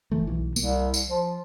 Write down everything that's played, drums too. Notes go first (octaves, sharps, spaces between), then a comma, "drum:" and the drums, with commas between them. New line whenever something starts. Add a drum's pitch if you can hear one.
F#1 E3 A3
B1 E3
C2 A#3, drum: tambourine
drum: tambourine
F3